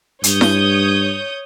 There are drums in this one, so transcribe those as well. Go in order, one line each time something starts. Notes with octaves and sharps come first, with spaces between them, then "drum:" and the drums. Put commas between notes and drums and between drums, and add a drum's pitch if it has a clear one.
G2 C#5 D#6 G6, drum: hi-hat
drum: snare E4